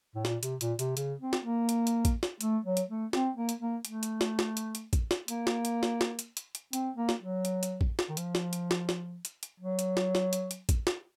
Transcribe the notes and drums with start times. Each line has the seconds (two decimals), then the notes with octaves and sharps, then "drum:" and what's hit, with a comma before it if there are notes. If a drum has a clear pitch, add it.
0.15 A2
0.25 A#2, drum: snare
0.43 C3, drum: hi-hat
0.61 A#2, drum: hi-hat
0.79 C3, drum: hi-hat
0.97 C#3, drum: hi-hat
1.21 C4
1.33 drum: snare
1.45 A#3
1.69 drum: hi-hat
1.87 drum: hi-hat
2.05 drum: kick, hi-hat
2.23 drum: snare
2.41 A3, drum: hi-hat
2.65 F#3
2.77 drum: hi-hat
2.89 A3
3.13 C4, drum: snare
3.36 A#3
3.49 drum: hi-hat
3.61 A#3
3.85 A3, drum: hi-hat
4.03 drum: hi-hat
4.21 drum: snare
4.39 drum: snare
4.57 drum: hi-hat
4.75 drum: hi-hat
4.93 drum: kick, hi-hat
5.11 drum: snare
5.28 A#3, drum: hi-hat
5.47 drum: snare
5.65 drum: hi-hat
5.83 drum: snare
6.01 drum: snare
6.19 drum: hi-hat
6.37 drum: hi-hat
6.55 drum: hi-hat
6.73 C4, drum: hi-hat
6.97 A#3
7.09 drum: snare
7.20 F#3
7.45 drum: hi-hat
7.63 drum: hi-hat
7.81 drum: kick
7.99 drum: snare
8.09 D#3
8.17 F3, drum: hi-hat
8.35 drum: snare
8.53 drum: hi-hat
8.71 drum: snare
8.89 drum: snare
9.25 drum: hi-hat
9.43 drum: hi-hat
9.60 F#3
9.79 drum: hi-hat
9.97 drum: snare
10.15 drum: snare
10.33 drum: hi-hat
10.51 drum: hi-hat
10.69 drum: kick, hi-hat
10.87 drum: snare